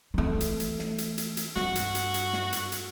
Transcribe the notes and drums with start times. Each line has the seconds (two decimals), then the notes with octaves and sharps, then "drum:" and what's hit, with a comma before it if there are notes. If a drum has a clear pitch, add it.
0.14 E3 A3
0.40 drum: hi-hat
0.60 drum: hi-hat
0.79 drum: snare
0.98 drum: hi-hat
1.18 drum: hi-hat
1.37 drum: hi-hat
1.56 G2 F#4, drum: snare
1.75 drum: hi-hat
1.95 drum: hi-hat
2.14 drum: hi-hat
2.33 drum: snare
2.53 drum: hi-hat
2.72 drum: hi-hat